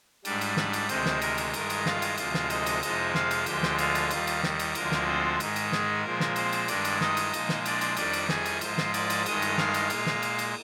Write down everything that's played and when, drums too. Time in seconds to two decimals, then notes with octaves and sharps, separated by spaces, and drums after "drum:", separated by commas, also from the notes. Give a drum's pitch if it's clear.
0.25 G#2 G3 D4 D5, drum: cymbal
0.41 drum: cymbal
0.57 D4 D5, drum: snare
0.73 drum: cymbal
0.89 D2 C3 D#3 G#3 C4 C5, drum: cymbal
1.05 drum: snare
1.22 A#4, drum: cymbal
1.38 drum: cymbal
1.54 G2 D#3 G#3 A#4, drum: cymbal
1.70 drum: cymbal
1.86 F4 F5, drum: snare
2.02 drum: cymbal
2.17 D2 C3 F3 G#3 F4 F5, drum: cymbal
2.34 drum: snare
2.50 D#4 D#5, drum: cymbal
2.66 drum: cymbal
2.83 F2 C3 F3 G#3 D#4 D#5, drum: cymbal
3.15 F4 F5, drum: snare
3.31 drum: cymbal
3.46 D2 D3 F3 G#3 G4 G5, drum: cymbal
3.63 drum: snare
3.78 F4 F5, drum: cymbal
3.95 drum: cymbal
4.11 D#2 D#3 G3 F4 F5, drum: cymbal
4.27 drum: cymbal
4.43 drum: snare
4.59 drum: cymbal
4.75 D2 D3 F3 G#3 A#4, drum: cymbal
4.92 drum: snare
5.07 C4 C5
5.40 G#2 D#3 G#3, drum: cymbal
5.56 drum: cymbal
5.72 G#4, drum: snare
6.05 A#2 F3 G#3 A#4
6.20 drum: snare
6.36 C4 C5, drum: cymbal
6.52 drum: cymbal
6.68 G2 D#3 G#3 D4 D5, drum: cymbal
6.85 drum: cymbal
7.01 D#4 D#5, drum: snare
7.17 drum: cymbal
7.33 A#2 F3 G#3, drum: cymbal
7.49 drum: snare
7.66 D4 D5, drum: cymbal
7.81 drum: cymbal
7.97 F2 D#3 G3 D4 D5, drum: cymbal
8.13 drum: cymbal
8.29 G#4 G#5, drum: snare
8.45 drum: cymbal
8.61 G#2 F3 G#3 C5 C6, drum: cymbal
8.78 drum: snare
8.94 D5 D6, drum: cymbal
9.10 drum: cymbal
9.26 G2 D#3 G#3 D#5 D#6, drum: cymbal
9.42 drum: cymbal
9.58 F5 F6, drum: snare
9.74 drum: cymbal
9.90 A#2 G#3, drum: cymbal
10.06 drum: snare
10.22 drum: cymbal
10.39 drum: cymbal